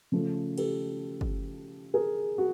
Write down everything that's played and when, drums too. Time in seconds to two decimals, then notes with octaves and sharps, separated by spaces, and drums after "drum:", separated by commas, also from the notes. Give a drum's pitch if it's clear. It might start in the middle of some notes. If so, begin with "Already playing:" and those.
0.12 C#3 F3 A3
0.58 G4 A4, drum: cymbal
1.21 drum: kick
1.94 G#4 A#4
2.38 F#4